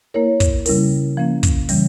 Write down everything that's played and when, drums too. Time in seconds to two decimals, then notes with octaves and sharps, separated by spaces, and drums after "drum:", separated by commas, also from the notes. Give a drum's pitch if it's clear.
0.14 A#3 E4 A#4 C#5
0.40 drum: kick, hi-hat
0.66 C#3 G3 C#4 E4 A#4, drum: open hi-hat
1.17 F3 A#3 C#4
1.43 drum: kick, hi-hat
1.69 C#3 E3 G3 C#4, drum: open hi-hat